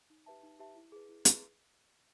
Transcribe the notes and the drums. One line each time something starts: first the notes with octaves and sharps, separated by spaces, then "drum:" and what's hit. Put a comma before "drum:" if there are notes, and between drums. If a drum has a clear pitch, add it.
D#4
G4 B4 E5 A5
D#4
G4 B4 E5 A5
E4
G#4 B4
E4
G#4 B4, drum: hi-hat